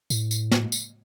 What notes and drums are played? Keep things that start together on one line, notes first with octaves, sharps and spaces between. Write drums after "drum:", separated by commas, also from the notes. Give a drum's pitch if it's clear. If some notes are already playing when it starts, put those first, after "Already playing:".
A2, drum: tambourine
drum: tambourine
drum: snare
drum: tambourine